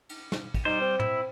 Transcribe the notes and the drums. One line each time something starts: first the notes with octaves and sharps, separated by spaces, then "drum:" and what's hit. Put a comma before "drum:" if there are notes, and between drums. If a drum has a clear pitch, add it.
drum: cymbal
drum: snare
drum: kick, cymbal
G3 D#4 C5
C4
E4, drum: tom